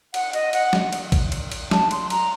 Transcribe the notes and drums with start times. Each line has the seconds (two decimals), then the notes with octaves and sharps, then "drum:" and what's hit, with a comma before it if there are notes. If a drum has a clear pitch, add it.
0.14 F#5, drum: cymbal
0.33 D#5, drum: cymbal
0.53 F#5, drum: cymbal
0.73 drum: snare
0.93 drum: cymbal
1.12 drum: kick A1, cymbal
1.32 drum: cymbal
1.52 drum: cymbal
1.71 A5, drum: snare
1.91 C6, drum: cymbal
2.10 A#5, drum: cymbal